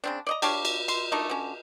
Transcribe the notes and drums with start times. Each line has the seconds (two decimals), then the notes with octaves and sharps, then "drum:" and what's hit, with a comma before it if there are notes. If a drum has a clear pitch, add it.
0.04 C#3 C4 D4
0.27 D5 D#5 A#5
0.42 D4 G4 C#5 F5, drum: cymbal
0.65 drum: cymbal
0.88 C6, drum: cymbal
1.12 A3 A#3 D4 D#4
1.29 D3 C#4